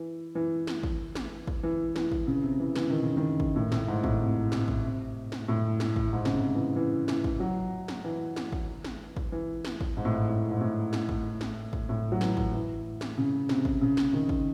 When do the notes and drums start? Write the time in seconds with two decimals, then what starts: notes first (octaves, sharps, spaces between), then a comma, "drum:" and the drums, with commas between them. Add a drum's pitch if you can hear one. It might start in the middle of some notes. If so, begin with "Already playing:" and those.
Already playing: E3
0.35 E3
0.67 drum: snare
0.83 drum: kick
1.15 drum: snare
1.47 drum: kick
1.63 E3
1.96 E3, drum: snare
2.12 drum: kick
2.27 C#3
2.43 C3
2.60 E3
2.75 E3, drum: snare
2.90 D#3
3.03 C#3
3.17 D#3
3.40 drum: kick
3.56 A2
3.72 A2, drum: snare
3.88 G#2
4.04 A2, drum: kick
4.20 C3
4.52 C3, drum: snare
4.68 drum: kick
4.84 C3
5.32 drum: snare
5.48 A2
5.80 drum: snare
5.96 drum: kick
6.12 G#2
6.25 C#3, drum: snare
6.34 C3
6.55 E3
6.76 E3
7.08 E3, drum: snare
7.24 drum: kick
7.40 F#3
7.88 drum: snare
8.04 E3
8.36 drum: snare
8.52 drum: kick
8.84 drum: snare
9.16 drum: kick
9.32 E3
9.65 drum: snare
9.81 drum: kick
9.97 G#2
10.05 A2
10.13 G#2
10.28 A2
10.51 G#2
10.61 A2
10.93 drum: snare
11.09 drum: kick
11.41 drum: snare
11.73 drum: kick
11.89 A2
12.12 F#3
12.21 E3, drum: snare
12.37 drum: kick
12.53 E3
13.01 drum: snare
13.18 C#3
13.49 C3, drum: snare
13.65 drum: kick
13.81 C#3
13.97 drum: snare
14.13 D#3
14.29 drum: kick